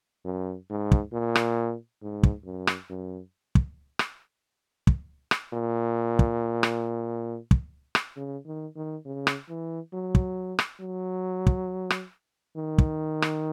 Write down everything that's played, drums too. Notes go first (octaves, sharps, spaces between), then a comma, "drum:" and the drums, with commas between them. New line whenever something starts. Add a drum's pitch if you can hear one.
F#2
G#2
drum: kick
A#2
drum: rim click
G#2
drum: kick
F#2
drum: rim click
F#2
drum: kick
drum: rim click
drum: kick
drum: rim click
A#2
drum: kick
drum: rim click
drum: kick
drum: rim click
C#3
D#3
D#3
C#3
drum: rim click
E3
F#3
drum: kick
drum: rim click
F#3
drum: kick
drum: rim click
D#3
drum: kick
drum: rim click